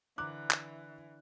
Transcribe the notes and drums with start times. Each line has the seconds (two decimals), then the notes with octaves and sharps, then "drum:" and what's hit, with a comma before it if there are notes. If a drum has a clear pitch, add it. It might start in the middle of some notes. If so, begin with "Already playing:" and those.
0.18 D3 E3 A#4 A#5 D6 F#6
0.51 drum: clap